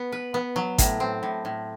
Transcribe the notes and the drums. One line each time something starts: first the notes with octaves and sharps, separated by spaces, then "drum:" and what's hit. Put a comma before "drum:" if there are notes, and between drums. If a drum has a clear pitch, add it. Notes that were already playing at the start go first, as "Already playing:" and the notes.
Already playing: B3
B4
B3
F#3
A2, drum: kick G#1, hi-hat
C4
A2
A2